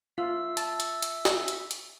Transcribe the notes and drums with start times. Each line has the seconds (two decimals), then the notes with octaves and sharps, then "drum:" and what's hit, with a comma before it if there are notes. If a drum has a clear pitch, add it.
0.18 F4 E5 E6
0.57 A5, drum: hi-hat
0.80 drum: hi-hat
1.02 drum: hi-hat
1.25 drum: snare
1.48 drum: hi-hat
1.71 drum: hi-hat